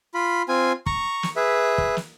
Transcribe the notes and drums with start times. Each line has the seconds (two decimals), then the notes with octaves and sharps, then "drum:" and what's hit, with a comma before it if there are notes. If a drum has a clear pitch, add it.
0.14 F4 B5
0.48 C4 F4 G#5
0.86 A#5 C#6, drum: kick
1.23 drum: snare
1.36 G#4 B4 E5
1.78 drum: kick
1.97 drum: snare